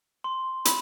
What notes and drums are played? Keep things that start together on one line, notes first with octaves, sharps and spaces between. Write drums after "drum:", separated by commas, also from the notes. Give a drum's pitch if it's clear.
C6
B5, drum: hi-hat